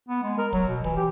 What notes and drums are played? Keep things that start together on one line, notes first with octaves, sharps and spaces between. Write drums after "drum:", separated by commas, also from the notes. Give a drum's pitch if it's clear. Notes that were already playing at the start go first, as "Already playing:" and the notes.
B3
G#3
A#4
F#3, drum: kick
B2
E3, drum: kick
G4